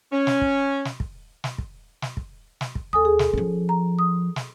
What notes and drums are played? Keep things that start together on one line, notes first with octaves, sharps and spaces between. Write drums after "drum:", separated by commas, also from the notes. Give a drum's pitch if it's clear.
C#4
drum: snare
drum: kick
drum: snare
drum: kick
drum: snare
drum: kick
drum: snare
drum: kick
drum: snare
drum: kick
D#2 A4 G#5 D#6
G#4
drum: snare
F3 C#4, drum: kick
A#5
D#6
drum: snare